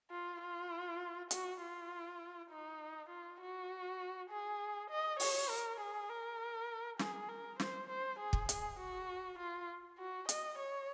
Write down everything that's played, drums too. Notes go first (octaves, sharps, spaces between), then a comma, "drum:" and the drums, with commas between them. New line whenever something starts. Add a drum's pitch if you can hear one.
F4
F4
F#4, drum: hi-hat
F4
D#4
F4
F#4
G#4
D#5
C#5, drum: open hi-hat
A#4
G#4
A#4
G#4, drum: snare
A#4
C5, drum: snare
C5
G#4
drum: kick
G#4, drum: hi-hat
F#4
F4
F#4
D#5, drum: hi-hat
C#5